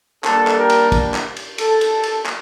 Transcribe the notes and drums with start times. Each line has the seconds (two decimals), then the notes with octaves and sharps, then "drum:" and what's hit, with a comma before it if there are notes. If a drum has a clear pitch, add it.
0.24 G3 A#3 D4 A4, drum: clap
0.47 drum: clap
0.58 G4 A#4
0.70 drum: cymbal
0.92 drum: kick, cymbal
1.14 drum: clap
1.36 drum: cymbal
1.58 A4, drum: cymbal
1.81 drum: cymbal
2.03 drum: cymbal
2.26 drum: clap